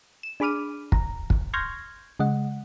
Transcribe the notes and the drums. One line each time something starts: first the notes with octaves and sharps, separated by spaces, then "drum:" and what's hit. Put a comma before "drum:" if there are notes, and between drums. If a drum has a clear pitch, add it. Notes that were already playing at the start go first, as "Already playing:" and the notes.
E7
D4 G#4 B5 D6 F6 D#7
A#5, drum: kick
drum: kick
C6 C#6 F6 G6 G#6 A#6
C#3 G#3 D#5 F#5